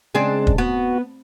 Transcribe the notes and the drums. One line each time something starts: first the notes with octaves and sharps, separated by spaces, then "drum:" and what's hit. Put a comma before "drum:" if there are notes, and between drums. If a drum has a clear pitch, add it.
C#3 G#3 C4 D4 G#4
drum: kick
B3 F#4